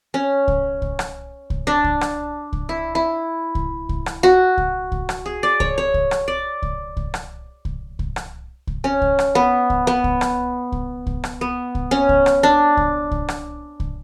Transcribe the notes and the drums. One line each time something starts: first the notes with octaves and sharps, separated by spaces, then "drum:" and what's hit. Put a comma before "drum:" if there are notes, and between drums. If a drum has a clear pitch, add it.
C#4
drum: kick C2
drum: kick C2
drum: rim click
drum: kick C2
D4
drum: kick C2
drum: rim click
drum: kick C2
E4
E4
drum: kick C2
drum: kick C2
drum: rim click
F#4
drum: kick C2
drum: kick C2
drum: rim click
G#4
D5
C#5, drum: kick C2
C#5
drum: kick C2
drum: rim click
D5
drum: kick C2
drum: kick C2
drum: rim click
drum: kick C2
drum: kick C2
drum: rim click
drum: kick C2
C#4
drum: kick C2
drum: rim click
B3
drum: kick C2
B3
drum: kick C2
drum: rim click
drum: kick C2
drum: kick C2
drum: rim click
B3
drum: kick C2
C#4
drum: kick C2
drum: rim click
D4
drum: kick C2
drum: kick C2
drum: rim click
drum: kick C2